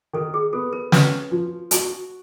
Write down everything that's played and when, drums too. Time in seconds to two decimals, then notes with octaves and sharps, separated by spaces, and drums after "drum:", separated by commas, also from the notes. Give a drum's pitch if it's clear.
0.13 D#3 A4
0.34 G#4
0.53 B3 A4
0.73 A#4
0.92 C#4 B4, drum: snare
1.31 F3
1.71 F#4, drum: hi-hat